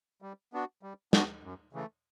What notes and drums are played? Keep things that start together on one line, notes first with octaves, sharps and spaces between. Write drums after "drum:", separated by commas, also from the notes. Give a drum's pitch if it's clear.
G3
B3 D4 F#4
G3
B3 D4 F#4, drum: snare
F#2
C#3 E3 A3